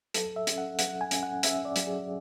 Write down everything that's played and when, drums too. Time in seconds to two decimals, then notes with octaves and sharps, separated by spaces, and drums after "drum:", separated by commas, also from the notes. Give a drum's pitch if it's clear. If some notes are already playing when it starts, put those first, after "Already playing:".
0.14 F#3 A4, drum: hi-hat
0.36 E5
0.47 C#4, drum: hi-hat
0.58 F#5
0.79 F#3 F#5, drum: hi-hat
1.01 G#5
1.11 C#4, drum: hi-hat
1.23 F#5
1.43 C#4 E5, drum: hi-hat
1.65 D5
1.76 F#3, drum: hi-hat
1.87 G#4